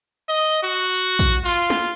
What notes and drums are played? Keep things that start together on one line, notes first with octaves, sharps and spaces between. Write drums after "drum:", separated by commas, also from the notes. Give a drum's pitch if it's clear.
D#5
F#4
drum: tambourine
drum: kick, tambourine
F4, drum: tambourine
drum: snare